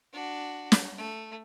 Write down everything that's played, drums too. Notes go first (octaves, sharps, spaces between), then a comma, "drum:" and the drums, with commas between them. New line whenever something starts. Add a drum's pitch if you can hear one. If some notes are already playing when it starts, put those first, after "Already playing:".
D4 F#4
drum: snare
A3